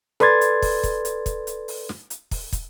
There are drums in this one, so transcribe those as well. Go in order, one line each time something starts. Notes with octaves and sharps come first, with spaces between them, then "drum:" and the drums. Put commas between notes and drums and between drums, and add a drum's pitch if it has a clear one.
A4 B4 D5 C6 G#6 A6, drum: snare
drum: hi-hat
drum: kick, open hi-hat
drum: kick, hi-hat
drum: hi-hat
drum: kick, hi-hat
drum: hi-hat
drum: open hi-hat
drum: snare
drum: hi-hat
drum: kick, open hi-hat
drum: kick, hi-hat